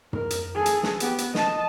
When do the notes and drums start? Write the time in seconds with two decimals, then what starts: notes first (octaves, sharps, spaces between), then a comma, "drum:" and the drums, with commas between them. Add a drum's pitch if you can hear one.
0.13 A#4, drum: tom
0.30 drum: hi-hat
0.55 G#4 A4
0.66 drum: hi-hat
0.83 drum: snare
1.00 B3 G4, drum: hi-hat
1.18 drum: hi-hat
1.35 D#5 A5, drum: snare